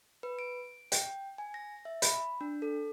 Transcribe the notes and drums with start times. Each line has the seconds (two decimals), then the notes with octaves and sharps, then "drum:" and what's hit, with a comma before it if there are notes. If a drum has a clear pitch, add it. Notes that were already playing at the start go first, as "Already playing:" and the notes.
0.23 B4
0.39 D7
0.92 G5, drum: hi-hat
1.38 G#5
1.54 A#6
1.85 E5
2.02 B5, drum: hi-hat
2.41 D4
2.62 A4